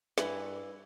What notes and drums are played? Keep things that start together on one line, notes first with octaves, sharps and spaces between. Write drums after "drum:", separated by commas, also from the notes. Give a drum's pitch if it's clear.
G2 E3 B5, drum: snare